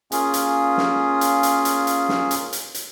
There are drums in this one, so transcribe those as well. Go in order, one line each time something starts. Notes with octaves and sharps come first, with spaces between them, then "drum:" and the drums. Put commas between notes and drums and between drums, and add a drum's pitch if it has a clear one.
A#3 C#4 F4 G#4, drum: hi-hat
drum: hi-hat
drum: snare
drum: hi-hat
drum: hi-hat
drum: hi-hat
drum: hi-hat
drum: snare
drum: hi-hat
drum: hi-hat
drum: hi-hat